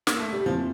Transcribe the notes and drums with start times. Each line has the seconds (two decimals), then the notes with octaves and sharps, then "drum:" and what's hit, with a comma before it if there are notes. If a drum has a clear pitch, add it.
0.07 A#3, drum: snare
0.19 A3
0.33 G3
0.45 F2 E3 F3 A#3 F4